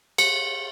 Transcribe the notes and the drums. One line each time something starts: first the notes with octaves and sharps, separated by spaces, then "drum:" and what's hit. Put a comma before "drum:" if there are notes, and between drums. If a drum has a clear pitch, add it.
C#7, drum: cymbal